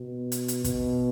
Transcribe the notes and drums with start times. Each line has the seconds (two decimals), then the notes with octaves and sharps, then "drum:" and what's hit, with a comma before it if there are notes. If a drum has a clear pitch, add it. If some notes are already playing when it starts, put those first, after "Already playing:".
Already playing: B2
0.32 drum: hi-hat
0.48 drum: hi-hat
0.64 B2, drum: kick, hi-hat